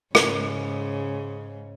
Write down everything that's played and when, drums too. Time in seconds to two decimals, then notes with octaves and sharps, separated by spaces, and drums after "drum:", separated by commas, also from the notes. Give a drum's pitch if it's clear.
0.15 G#2 C#3, drum: rim click